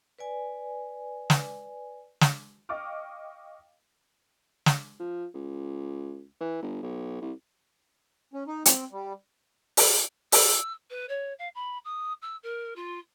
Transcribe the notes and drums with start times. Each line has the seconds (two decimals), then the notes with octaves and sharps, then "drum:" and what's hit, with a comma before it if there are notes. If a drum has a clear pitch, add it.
0.19 B4 D5 G#5
1.30 drum: snare
2.21 drum: snare
2.69 D#5 F5 G5 C#6 D6 F6
4.66 drum: snare
4.99 F3
5.34 C#2
6.41 E3
6.62 G1
6.82 B1
7.21 C2
8.34 C#4
8.48 D#4
8.65 C4, drum: hi-hat
8.91 G3
9.77 drum: open hi-hat
10.32 E6, drum: open hi-hat
10.90 B4
11.09 C#5
11.39 F5
11.55 B5
11.85 D#6
12.22 E6
12.43 A#4
12.76 F4